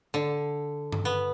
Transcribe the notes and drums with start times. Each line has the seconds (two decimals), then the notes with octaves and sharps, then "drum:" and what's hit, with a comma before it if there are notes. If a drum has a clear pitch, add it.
0.14 D3
0.92 drum: tom G2
1.05 B3